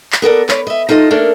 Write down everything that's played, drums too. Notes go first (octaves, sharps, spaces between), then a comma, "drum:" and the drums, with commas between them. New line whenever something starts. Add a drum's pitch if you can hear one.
drum: clap
B3 A4 A#4 D5
B4 C#5 D5, drum: clap
D#5 E5
D#4 F4 A4 B4 D#5
A3 A#3 D4 A4 A#4